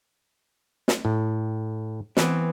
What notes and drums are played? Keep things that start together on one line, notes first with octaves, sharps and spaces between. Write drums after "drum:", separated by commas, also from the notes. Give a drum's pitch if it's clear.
drum: snare
A2
E3 B3 C4, drum: snare